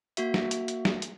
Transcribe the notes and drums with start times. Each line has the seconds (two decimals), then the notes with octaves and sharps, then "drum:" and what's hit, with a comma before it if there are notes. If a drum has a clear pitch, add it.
0.17 A#3 F#4 E5, drum: hi-hat
0.34 drum: snare
0.51 drum: hi-hat
0.68 drum: hi-hat
0.85 drum: snare
1.02 drum: hi-hat